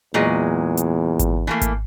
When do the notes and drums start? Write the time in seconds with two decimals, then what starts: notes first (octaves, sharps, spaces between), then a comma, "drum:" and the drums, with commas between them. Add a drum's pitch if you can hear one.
0.14 E2 A#2 F#3 G#3
0.77 drum: hi-hat
1.19 drum: kick G#1, hi-hat
1.47 E3 A3 A#3
1.61 drum: kick G#1, hi-hat